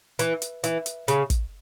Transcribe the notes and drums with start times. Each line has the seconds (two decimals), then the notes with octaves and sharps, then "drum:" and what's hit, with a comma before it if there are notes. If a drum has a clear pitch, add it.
0.19 E3, drum: hi-hat
0.42 drum: hi-hat
0.64 E3, drum: hi-hat
0.86 drum: hi-hat
1.08 C#3, drum: hi-hat
1.30 drum: kick, hi-hat